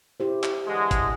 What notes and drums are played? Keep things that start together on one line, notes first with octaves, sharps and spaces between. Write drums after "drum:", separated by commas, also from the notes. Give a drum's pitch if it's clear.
E4 G4 C5
drum: clap
D3 E3 G#3
drum: kick, hi-hat